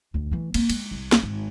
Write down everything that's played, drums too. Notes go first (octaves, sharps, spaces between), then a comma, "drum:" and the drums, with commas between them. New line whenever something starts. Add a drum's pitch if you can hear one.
D2
E3 A3
A#3 C4, drum: cymbal
G#3, drum: cymbal
C2
drum: snare
G#1